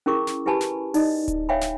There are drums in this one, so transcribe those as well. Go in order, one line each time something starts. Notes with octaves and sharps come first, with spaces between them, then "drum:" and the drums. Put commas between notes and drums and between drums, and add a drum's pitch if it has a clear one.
C#4 E4 G#4 A#4 C#6 D6
drum: snare
E4 G4 B4 G#5 A5 B5
drum: snare
D#4 D5 D#5, drum: open hi-hat
drum: kick D1, hi-hat
C#5 E5 F5 G5 G#5 B5
drum: snare